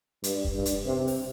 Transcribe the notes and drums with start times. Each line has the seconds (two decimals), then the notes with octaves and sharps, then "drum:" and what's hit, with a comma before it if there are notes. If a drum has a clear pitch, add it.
0.24 G2, drum: hi-hat
0.45 drum: kick
0.55 G2
0.65 drum: hi-hat
0.86 C3
1.07 drum: open hi-hat